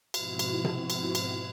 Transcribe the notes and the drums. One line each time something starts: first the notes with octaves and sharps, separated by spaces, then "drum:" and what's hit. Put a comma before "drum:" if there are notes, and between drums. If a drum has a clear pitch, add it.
G#2 B2 F3 C4 E4 F#4, drum: cymbal
drum: cymbal
drum: tom C3
drum: cymbal
drum: cymbal